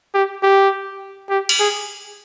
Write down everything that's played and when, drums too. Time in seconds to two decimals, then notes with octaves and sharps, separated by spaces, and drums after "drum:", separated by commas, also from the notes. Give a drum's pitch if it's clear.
0.14 G4
0.43 G4
1.30 G4
1.49 drum: cymbal
1.59 G#4